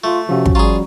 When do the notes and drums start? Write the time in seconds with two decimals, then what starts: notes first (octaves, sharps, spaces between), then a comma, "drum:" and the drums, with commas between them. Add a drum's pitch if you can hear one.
0.04 A3 F4 C#6
0.29 C3 F3 C#4 F#4 G4 F5 E6
0.46 drum: kick
0.55 G3 F4 G#4 D5 A#5 C#6